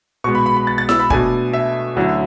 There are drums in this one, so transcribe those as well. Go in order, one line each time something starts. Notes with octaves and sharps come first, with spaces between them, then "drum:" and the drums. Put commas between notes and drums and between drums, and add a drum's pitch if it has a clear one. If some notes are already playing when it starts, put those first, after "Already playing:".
B2 G#3 B3 C#6
B5
B5
B5
A6
A6
E6, drum: snare E4
B5
B2 A3 D4 G#5, drum: kick
E5
D2 D3 F#3 C#4 E4